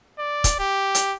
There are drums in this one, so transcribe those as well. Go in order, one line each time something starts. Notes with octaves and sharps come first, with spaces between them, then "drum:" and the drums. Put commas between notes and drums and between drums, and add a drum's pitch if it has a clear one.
D5
drum: kick, hi-hat
G4
drum: hi-hat